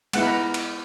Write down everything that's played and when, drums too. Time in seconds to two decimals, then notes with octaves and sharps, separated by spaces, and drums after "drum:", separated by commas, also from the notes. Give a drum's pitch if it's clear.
0.13 G#3 B3 E4 F#5, drum: cymbal
0.23 B5
0.27 A#5
0.54 drum: cymbal